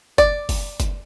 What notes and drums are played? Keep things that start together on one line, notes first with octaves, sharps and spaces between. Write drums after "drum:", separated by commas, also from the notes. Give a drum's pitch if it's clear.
D5, drum: kick, hi-hat
drum: kick, open hi-hat
drum: kick, hi-hat